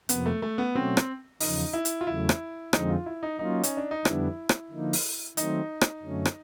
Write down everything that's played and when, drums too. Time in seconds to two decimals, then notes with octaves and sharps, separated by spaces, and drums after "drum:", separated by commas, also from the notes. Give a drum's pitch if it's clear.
0.09 F2 C3 F3 A#3 B3, drum: hi-hat
0.26 A3
0.42 A3
0.58 B3
0.74 B2 F#3 A3 C4 C#4 F#4
0.97 drum: rim click
1.40 E2 C#3 F3 D#4, drum: open hi-hat
1.73 E4
1.85 drum: hi-hat
2.01 F4
2.07 E2 C#3 F#3 A3 E4
2.29 drum: rim click
2.73 F2 D3 F3 G#3 C4 D#4, drum: rim click
2.90 F4
3.06 E4
3.23 D#4
3.38 F#3 A#3 C#4 D#4 F4
3.63 C#4, drum: hi-hat
3.77 D4
3.91 D#4
4.05 F2 D3 G3 B3 D4 E4, drum: rim click
4.49 drum: rim click
4.71 D3 F3 A#3 D#4
4.93 drum: open hi-hat
5.37 D#3 F#3 A3 C4 D#4, drum: hi-hat
5.81 drum: rim click
6.03 F#2 D3 F#3 A3 C#4
6.25 drum: rim click